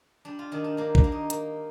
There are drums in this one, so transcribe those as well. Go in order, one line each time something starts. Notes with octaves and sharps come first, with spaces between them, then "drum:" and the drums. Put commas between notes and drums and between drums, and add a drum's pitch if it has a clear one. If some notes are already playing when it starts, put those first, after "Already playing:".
G3 D4
F4
D#3 D4
D4
A#3 D4
D4, drum: kick A#1
A#3
D#4
A#3, drum: hi-hat